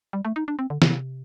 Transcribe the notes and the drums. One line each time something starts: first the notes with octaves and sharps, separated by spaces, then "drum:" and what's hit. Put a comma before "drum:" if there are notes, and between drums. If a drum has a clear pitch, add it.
G3
A3
D#4
D4
C4
D3
C3, drum: snare